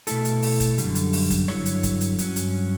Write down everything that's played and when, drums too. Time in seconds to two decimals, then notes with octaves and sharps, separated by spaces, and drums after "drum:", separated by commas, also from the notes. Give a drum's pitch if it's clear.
0.07 B2 A3 E4 A4, drum: hi-hat
0.25 drum: hi-hat
0.42 drum: open hi-hat
0.60 drum: kick, hi-hat
0.78 F#2 D3 G3, drum: hi-hat
0.95 drum: hi-hat
1.13 drum: open hi-hat
1.30 drum: kick, hi-hat
1.48 G2 D3 F#3 E4 C#5, drum: rim click
1.66 drum: hi-hat
1.83 drum: kick, hi-hat
2.01 drum: hi-hat
2.19 G2 F#3 C#4, drum: hi-hat
2.36 drum: hi-hat